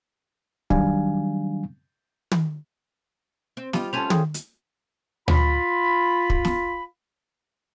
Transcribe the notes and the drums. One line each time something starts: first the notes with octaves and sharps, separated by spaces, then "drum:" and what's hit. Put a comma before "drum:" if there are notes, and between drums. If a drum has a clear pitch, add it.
D#3 F#3 G3 D4 F5 G#5, drum: kick
drum: tom
C4
G3 F4 D#5, drum: snare
A3 C#4 F4 A4 C5 A5 D#7 F7
G#4 G5 D#6, drum: tom
drum: hi-hat
F4 B5, drum: tom D2
drum: kick
drum: snare